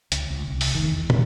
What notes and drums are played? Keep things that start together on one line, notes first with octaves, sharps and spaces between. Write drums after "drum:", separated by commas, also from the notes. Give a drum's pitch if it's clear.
C#2, drum: hi-hat
C#2
C2
drum: open hi-hat
F1 D#3
E2
drum: tom